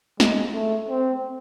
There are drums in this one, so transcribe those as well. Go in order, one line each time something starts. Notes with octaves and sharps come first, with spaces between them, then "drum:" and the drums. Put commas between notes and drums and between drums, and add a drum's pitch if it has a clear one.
G#3, drum: snare
A3
C4